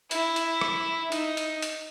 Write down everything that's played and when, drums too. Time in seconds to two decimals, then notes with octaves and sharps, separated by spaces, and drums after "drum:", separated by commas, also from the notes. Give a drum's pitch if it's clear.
0.11 E4, drum: hi-hat
0.36 drum: hi-hat
0.61 drum: rim click
1.12 D#4, drum: hi-hat
1.37 drum: hi-hat
1.62 drum: hi-hat